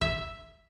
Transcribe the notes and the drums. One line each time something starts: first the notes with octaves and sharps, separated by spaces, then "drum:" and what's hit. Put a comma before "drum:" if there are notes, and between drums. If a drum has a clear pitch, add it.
E5, drum: kick